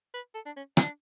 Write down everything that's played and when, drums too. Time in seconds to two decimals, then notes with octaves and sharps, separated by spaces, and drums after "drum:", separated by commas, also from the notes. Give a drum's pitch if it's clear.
0.14 B4
0.35 A4
0.46 D4
0.57 C#4
0.77 D4, drum: rim click